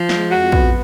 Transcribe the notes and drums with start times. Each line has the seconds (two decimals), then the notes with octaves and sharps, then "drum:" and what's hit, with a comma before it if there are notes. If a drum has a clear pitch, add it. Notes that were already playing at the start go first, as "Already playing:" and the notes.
Already playing: F3
0.09 G#3, drum: snare
0.31 F2 F#4
0.52 B3, drum: kick